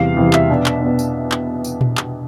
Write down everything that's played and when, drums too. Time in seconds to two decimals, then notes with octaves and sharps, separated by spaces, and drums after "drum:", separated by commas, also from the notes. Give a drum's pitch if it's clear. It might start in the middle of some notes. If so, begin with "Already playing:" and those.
Already playing: E2 C3 E3 G3 F5
0.16 E2 C3 E3 G3
0.33 E5, drum: clap
0.49 B2 B3 D4
0.66 drum: clap
0.82 B2 B3 D4
0.99 drum: tambourine
1.32 drum: clap
1.64 drum: tambourine
1.81 drum: tom A#2
1.97 drum: clap